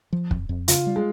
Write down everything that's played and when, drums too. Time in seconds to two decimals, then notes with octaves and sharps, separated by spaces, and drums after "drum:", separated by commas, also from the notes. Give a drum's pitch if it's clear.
0.13 F3
0.31 F2, drum: kick
0.49 F2
0.68 C#3 F4, drum: hi-hat
0.87 G3
0.96 G#3